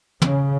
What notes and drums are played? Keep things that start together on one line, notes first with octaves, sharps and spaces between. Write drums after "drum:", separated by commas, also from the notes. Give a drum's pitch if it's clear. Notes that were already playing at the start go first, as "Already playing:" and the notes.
C#3, drum: tom